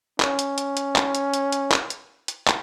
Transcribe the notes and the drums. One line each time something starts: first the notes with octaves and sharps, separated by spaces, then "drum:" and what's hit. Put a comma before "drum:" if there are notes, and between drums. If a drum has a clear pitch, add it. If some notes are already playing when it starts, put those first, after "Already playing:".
C#4, drum: clap
drum: hi-hat
drum: hi-hat
drum: hi-hat
drum: clap
drum: hi-hat
drum: hi-hat
drum: hi-hat
drum: clap
drum: hi-hat
drum: hi-hat
drum: clap